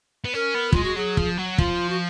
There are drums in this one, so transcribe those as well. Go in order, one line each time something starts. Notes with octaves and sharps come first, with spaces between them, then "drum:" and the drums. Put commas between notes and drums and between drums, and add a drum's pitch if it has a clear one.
B3
C#4 A#4
B3
G#3 F4, drum: kick
F#4
F#3 G#4
F3, drum: kick
F#3
F3 F4, drum: kick
F#4